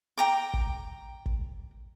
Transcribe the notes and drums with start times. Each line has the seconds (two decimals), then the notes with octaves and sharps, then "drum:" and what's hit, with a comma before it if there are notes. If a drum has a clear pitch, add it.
0.18 G5 A#5 D6
0.54 drum: kick
1.26 drum: kick